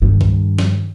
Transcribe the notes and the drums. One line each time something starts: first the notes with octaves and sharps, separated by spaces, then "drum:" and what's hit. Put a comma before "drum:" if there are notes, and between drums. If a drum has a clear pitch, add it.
G2 D#3
drum: kick B1
drum: snare